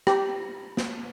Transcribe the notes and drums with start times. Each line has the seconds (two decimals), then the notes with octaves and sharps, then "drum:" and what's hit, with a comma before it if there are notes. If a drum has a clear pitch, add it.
0.07 G4, drum: rim click
0.77 drum: snare